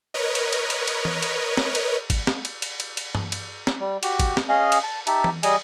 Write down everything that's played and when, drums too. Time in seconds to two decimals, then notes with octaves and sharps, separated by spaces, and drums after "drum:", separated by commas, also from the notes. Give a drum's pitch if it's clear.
0.14 A#4 B4 C#5 D#5
0.35 drum: cymbal
0.53 drum: cymbal
0.70 drum: cymbal
0.88 drum: cymbal
1.05 drum: tom E3
1.22 drum: cymbal
1.57 drum: snare
1.75 drum: cymbal
2.10 drum: kick, cymbal
2.27 drum: snare
2.45 drum: cymbal
2.62 drum: cymbal
2.80 drum: cymbal
2.97 drum: cymbal
3.15 drum: tom
3.32 drum: cymbal
3.67 drum: snare
3.80 G3
4.03 F#4 G4, drum: cymbal
4.19 drum: kick, cymbal
4.37 drum: snare
4.49 C#4 G#4 D#5 F5
4.72 drum: cymbal
4.83 A5
5.07 D#4 G4 E5 A5, drum: cymbal
5.24 drum: tom E3
5.43 G3 G#4 D#5 G#5, drum: cymbal